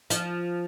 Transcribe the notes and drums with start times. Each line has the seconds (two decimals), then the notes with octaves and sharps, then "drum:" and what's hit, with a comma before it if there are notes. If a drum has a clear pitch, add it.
0.10 F3, drum: hi-hat